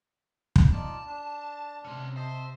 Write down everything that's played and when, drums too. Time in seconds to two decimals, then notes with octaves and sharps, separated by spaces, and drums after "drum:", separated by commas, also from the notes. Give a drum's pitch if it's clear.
0.56 drum: kick
0.73 D#4 F4 D5 A5
1.07 D4
1.84 C3 C4 C#4
2.16 C5 D#5 E5 A5